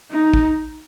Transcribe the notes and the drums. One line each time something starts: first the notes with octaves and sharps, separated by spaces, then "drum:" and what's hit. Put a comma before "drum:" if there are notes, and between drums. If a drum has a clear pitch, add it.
D#4
drum: kick